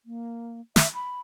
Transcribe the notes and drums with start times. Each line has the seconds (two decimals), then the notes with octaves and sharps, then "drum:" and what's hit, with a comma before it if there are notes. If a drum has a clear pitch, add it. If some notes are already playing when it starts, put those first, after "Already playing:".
0.05 A#3
0.76 E5, drum: snare
0.95 B5